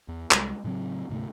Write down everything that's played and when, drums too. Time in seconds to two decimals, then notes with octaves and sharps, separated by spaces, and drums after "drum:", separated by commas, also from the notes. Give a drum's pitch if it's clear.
0.08 E2
0.31 C2 G3 G#3, drum: clap
0.64 A2 C#3 F#3 C4
1.09 D2 G#2 C3 A3